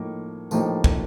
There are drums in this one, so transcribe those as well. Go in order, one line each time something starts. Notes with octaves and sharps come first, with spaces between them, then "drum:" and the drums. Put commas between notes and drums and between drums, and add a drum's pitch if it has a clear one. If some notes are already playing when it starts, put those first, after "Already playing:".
Already playing: A2 F3 A#3 D#4
A2 F3 A#3 D#4 G4, drum: tambourine
drum: kick